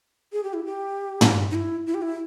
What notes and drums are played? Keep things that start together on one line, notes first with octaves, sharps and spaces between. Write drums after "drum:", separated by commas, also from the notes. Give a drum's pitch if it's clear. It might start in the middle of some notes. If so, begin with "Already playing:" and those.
G#4
G4
E4
G4
drum: tom
D#4
E4
E4
G4
E4